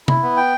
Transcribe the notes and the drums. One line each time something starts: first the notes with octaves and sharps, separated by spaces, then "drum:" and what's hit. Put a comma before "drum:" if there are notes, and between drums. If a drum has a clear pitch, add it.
E4, drum: tom C3
B3
G5